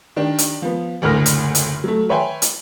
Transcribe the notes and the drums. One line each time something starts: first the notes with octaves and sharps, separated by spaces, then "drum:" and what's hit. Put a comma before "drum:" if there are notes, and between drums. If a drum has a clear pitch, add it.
D#3 D4 G4
drum: hi-hat
F3 B3
F#1 D2 A2 A#4 F6 A#6
drum: hi-hat
drum: hi-hat
F#3 A3
B4 C#5 E5 G5 G#5 C6
drum: hi-hat